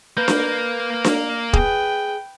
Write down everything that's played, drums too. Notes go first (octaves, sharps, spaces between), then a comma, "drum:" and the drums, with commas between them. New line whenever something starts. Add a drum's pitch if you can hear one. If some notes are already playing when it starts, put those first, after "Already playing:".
A#3 A#4 B4 G6
drum: snare D4
drum: snare D4
G#4 B4 G5, drum: kick